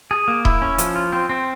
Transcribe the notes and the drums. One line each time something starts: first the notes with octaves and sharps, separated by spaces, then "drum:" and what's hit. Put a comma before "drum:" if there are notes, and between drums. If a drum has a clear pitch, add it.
G#4
A#3
E4, drum: kick D#1
C#4
F3, drum: hi-hat
F4
C4
C4